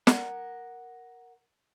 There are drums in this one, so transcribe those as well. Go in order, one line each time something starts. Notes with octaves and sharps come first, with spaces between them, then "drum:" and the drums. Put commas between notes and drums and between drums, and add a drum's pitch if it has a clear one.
A#4 F#5, drum: snare